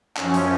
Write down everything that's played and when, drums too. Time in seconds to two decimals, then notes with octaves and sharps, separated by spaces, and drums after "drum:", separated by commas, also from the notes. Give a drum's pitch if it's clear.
0.17 F#2 F3 C#4, drum: clap
0.34 drum: hi-hat